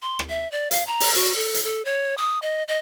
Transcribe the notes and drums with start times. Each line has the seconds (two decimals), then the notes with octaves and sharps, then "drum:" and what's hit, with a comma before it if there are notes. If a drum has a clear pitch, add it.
0.02 C6
0.19 drum: rim click
0.29 E5
0.52 D5
0.71 F5, drum: hi-hat
0.87 A#5
1.00 drum: open hi-hat
1.14 F#4, drum: hi-hat
1.35 A4
1.54 drum: hi-hat
1.64 A4
1.85 C#5
2.18 D#6
2.42 D#5
2.68 D#5